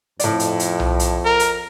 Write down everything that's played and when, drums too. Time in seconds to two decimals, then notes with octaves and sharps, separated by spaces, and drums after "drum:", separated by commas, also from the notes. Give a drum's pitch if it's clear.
0.20 F2 A2 D5, drum: hi-hat
0.40 drum: hi-hat
0.60 drum: hi-hat
0.80 drum: tom B1
1.00 drum: hi-hat
1.25 A#4
1.40 drum: hi-hat